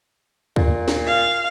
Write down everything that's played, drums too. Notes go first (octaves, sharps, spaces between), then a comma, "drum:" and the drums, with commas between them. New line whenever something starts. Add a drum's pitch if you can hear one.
A#2, drum: kick D2
drum: snare
F5